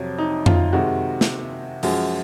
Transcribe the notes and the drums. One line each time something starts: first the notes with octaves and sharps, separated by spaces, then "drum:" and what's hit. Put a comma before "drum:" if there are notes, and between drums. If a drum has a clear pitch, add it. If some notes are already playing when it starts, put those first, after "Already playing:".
Already playing: F2 C3 F#3
D#4
F4, drum: tom F2
C3 D#3 G#3 F#4
drum: snare
F#2 F3 G#3 F#4, drum: open hi-hat